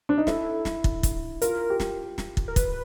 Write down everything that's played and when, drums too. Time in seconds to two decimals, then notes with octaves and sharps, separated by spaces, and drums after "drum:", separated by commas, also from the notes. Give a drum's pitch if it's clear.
0.09 D4
0.18 D#4
0.27 E4 A4, drum: snare
0.65 drum: snare
0.84 drum: kick
1.03 drum: kick, hi-hat
1.42 F4 A#4, drum: hi-hat
1.70 G4
1.80 drum: snare
2.18 drum: snare
2.37 drum: kick
2.48 A#4
2.56 B4, drum: kick, hi-hat